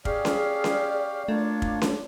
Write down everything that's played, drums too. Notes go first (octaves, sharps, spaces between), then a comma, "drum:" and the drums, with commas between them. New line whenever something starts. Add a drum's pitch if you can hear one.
C#4 G4 G#4 D5 F5, drum: kick
drum: snare C#4
drum: snare C#4
A3 A#3 D4 F4 C#5
drum: kick
drum: snare C#4